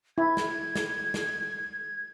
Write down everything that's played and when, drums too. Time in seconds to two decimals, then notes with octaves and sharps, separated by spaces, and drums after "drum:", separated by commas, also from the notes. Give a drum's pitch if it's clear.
0.18 E4 G#6
0.37 drum: snare
0.76 drum: snare
1.14 drum: snare